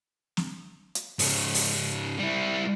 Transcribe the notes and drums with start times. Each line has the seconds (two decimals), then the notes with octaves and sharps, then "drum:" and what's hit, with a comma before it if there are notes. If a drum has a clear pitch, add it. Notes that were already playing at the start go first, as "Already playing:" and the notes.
0.37 drum: snare
0.95 drum: hi-hat
1.19 G#2 C#3, drum: open hi-hat
1.54 drum: open hi-hat
2.19 G3 E4